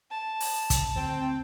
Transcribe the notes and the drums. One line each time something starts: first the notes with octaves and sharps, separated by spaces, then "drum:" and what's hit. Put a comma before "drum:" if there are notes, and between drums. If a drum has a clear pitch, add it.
A5
drum: open hi-hat
drum: kick, hi-hat
D2 C4 G5